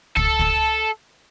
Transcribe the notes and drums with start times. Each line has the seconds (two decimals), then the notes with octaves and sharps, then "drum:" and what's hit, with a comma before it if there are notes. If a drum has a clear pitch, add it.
0.17 A4, drum: kick
0.39 drum: kick